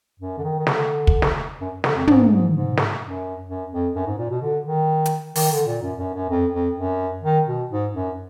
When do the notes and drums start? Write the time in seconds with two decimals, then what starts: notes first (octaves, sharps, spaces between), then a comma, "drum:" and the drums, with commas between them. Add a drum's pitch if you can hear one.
0.20 F#2
0.38 D3
0.43 D#3
0.59 D#3
0.67 D3, drum: snare
1.07 drum: kick
1.22 drum: snare
1.61 F#2
1.84 D3, drum: snare
1.96 F2
2.07 G#2, drum: tom
2.31 G#2
2.54 G#2
2.77 drum: snare
3.01 F#2
3.48 F#2
3.71 F2
3.95 F#2
4.07 G#2
4.18 A#2
4.30 B2
4.42 D3
4.65 D#3
5.06 drum: hi-hat
5.35 D#3, drum: open hi-hat
5.51 D3
5.67 A#2
5.82 F#2
5.99 F#2
6.14 F#2
6.30 F2
6.53 F2
6.76 F#2
7.23 D#3
7.46 B2
7.70 G#2
7.94 F#2